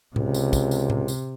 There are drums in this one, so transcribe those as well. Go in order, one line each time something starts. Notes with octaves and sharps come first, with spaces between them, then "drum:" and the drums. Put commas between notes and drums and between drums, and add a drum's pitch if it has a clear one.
C#2 C3, drum: tom A2
drum: tambourine
drum: kick, tambourine
drum: tambourine
drum: tom A2
drum: tambourine